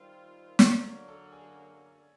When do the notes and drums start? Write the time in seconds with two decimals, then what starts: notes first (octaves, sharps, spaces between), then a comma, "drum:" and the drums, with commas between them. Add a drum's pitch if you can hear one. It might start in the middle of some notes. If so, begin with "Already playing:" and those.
Already playing: D#3 G3 C4 F4
0.59 F#2 D3 F#3 A#3 D5, drum: snare
0.83 C#5
1.08 A4
1.32 G#4